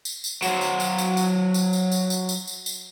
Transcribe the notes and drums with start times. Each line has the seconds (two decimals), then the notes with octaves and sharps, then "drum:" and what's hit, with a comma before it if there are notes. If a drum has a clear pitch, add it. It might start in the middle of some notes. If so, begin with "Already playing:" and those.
0.05 drum: tambourine
0.24 drum: tambourine
0.42 F#3 C5, drum: tambourine
0.61 drum: tambourine
0.80 drum: tambourine
0.98 drum: tambourine
1.17 drum: tambourine
1.54 drum: tambourine
1.73 drum: tambourine
1.92 drum: tambourine
2.10 drum: tambourine
2.29 drum: tambourine
2.47 drum: tambourine
2.66 drum: tambourine